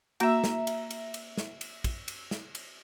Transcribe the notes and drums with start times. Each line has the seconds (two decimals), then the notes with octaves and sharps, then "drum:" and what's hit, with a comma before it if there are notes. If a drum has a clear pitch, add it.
0.20 A#3 F#4 E5 F#5 A#5, drum: cymbal
0.44 drum: snare
0.67 drum: cymbal
0.91 drum: cymbal
1.14 drum: cymbal
1.37 drum: snare
1.61 drum: cymbal
1.84 drum: kick, cymbal
2.08 drum: cymbal
2.31 drum: snare
2.55 drum: cymbal